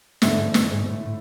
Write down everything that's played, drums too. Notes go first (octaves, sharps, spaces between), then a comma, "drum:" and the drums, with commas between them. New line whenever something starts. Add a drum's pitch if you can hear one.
G#2 D3 A3 E4, drum: snare
F2
G#2
F2
E2, drum: snare
F2
G#2
B2
A2
A2